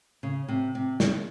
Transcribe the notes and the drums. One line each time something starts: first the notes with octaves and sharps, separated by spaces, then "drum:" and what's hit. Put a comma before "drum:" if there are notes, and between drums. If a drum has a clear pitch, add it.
C#3
C3
C3
D#3, drum: snare